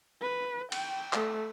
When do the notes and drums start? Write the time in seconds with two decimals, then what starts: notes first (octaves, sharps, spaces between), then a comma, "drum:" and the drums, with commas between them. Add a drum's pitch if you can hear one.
0.21 B4
0.72 G5, drum: cymbal
1.13 A3, drum: clap